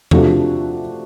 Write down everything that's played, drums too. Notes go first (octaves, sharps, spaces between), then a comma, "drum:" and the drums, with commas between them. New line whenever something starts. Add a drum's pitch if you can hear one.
C3 F3 A3 D4 F#4, drum: tom E2